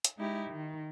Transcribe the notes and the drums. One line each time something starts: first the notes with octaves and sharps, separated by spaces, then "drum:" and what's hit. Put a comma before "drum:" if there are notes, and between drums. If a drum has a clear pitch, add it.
drum: hi-hat
G#3 D#4 E4 G4
D#3